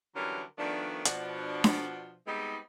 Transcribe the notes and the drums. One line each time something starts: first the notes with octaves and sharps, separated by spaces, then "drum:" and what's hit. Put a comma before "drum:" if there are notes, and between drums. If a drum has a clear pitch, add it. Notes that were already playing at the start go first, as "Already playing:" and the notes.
D3 E3 F#3 G3 C#4 A#4
D#3 F3 A3 B3 D4
B2 F3 D4, drum: hi-hat
drum: snare D4
G3 G#3 B3 C4 D#4